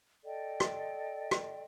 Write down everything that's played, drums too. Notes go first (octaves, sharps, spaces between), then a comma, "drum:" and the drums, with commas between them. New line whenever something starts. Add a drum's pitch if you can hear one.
A4 D5 D#5 G5
drum: rim click
drum: rim click